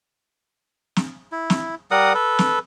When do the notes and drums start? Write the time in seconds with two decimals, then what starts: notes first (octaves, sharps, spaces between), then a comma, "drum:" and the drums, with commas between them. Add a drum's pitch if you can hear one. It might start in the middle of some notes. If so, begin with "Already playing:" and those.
0.96 drum: snare
1.32 E4
1.50 drum: snare
1.91 G3 A#4 F#5 D#6
2.14 A4 B4
2.39 drum: snare